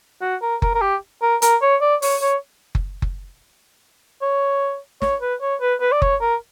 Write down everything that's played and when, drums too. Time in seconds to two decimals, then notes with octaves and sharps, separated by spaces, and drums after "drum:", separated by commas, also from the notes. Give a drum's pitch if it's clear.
0.22 F#4
0.42 A#4
0.62 A#4, drum: kick F#1
0.75 A#4
0.82 G4
1.22 A#4
1.42 A#4, drum: hi-hat
1.62 C#5
1.81 D5
2.02 C#5, drum: open hi-hat
2.22 C#5
2.75 drum: kick F#1
3.02 drum: kick F#1
4.22 C#5
5.02 C#5, drum: snare
5.21 B4
5.41 C#5
5.61 B4
5.81 B4
5.92 D5
6.02 C#5, drum: kick F#1
6.21 A#4